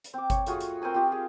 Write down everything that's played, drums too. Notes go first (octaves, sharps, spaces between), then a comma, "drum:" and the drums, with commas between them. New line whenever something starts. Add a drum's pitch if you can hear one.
drum: hi-hat
C4 D6
C#5, drum: kick G1, hi-hat
A3 F4 F#4 G#4, drum: hi-hat
drum: hi-hat
C4 A#4 G#5 A#5
C4 F4 G4
G#4